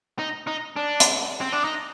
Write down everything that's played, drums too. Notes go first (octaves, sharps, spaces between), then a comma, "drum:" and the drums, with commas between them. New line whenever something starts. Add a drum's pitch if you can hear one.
D#4
D#4
D4
drum: hi-hat
C4
D4
D#4